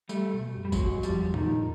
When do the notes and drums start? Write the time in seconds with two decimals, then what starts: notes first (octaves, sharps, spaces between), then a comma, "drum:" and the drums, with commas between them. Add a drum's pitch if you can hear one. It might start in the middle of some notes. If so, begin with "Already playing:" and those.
0.09 G3 A3, drum: tambourine
0.34 B2
0.56 F#2
0.65 G3
0.72 F#3 G#3, drum: kick, tambourine
0.79 F2
1.03 E2 F3 G3, drum: tambourine
1.34 F2 D#3, drum: tom A2